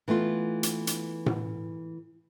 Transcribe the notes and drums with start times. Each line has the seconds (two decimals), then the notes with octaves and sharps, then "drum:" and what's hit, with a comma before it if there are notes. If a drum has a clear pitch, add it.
0.08 E3 A3 B3 F4
0.63 drum: hi-hat
0.87 drum: hi-hat
1.26 drum: tom A2